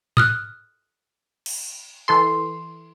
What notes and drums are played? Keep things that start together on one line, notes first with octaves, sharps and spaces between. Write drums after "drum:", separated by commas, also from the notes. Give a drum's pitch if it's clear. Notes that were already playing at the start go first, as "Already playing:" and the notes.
D#6 F6 F#6, drum: tom G#2
drum: cymbal
E3 A4 C6